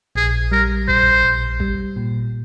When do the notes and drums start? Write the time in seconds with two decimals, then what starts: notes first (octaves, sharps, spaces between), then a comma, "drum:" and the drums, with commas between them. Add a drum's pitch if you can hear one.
0.15 A#1 G#4
0.52 G3 A#4
0.88 A#1 C5, drum: kick G#1
1.23 A#1
1.60 G3, drum: kick G#1
1.96 A#2